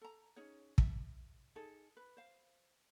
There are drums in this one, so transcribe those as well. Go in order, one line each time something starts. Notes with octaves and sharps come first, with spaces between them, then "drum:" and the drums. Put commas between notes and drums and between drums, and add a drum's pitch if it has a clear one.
A4 A#5
C#4 D#4 G#4 C#5
E5, drum: kick
D#4 G#4 A4
B4
C5 F5